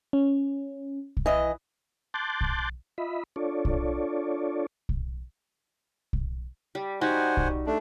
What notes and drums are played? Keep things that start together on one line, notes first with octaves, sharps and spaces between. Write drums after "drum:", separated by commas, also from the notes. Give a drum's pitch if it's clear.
C#4
drum: kick B1
E3 D#5
A5 C6 D6 F#6 G6 A6
drum: kick B1
F4 D#5 E5 B5
D4 F4 A4 C#5 D5
drum: kick B1
drum: kick B1
drum: kick B1
G3
G3 D#4 F#4 C5 F#5 G#5
drum: kick B1
A3 D4